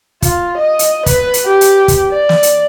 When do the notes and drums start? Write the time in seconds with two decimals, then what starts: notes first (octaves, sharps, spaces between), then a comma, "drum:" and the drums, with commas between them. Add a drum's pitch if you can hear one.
0.22 F4, drum: kick, hi-hat
0.57 D#5
0.79 drum: hi-hat
1.06 B4, drum: kick, hi-hat
1.34 drum: hi-hat
1.45 G4
1.61 drum: hi-hat
1.88 drum: kick, hi-hat
2.11 D5
2.29 drum: snare
2.43 drum: hi-hat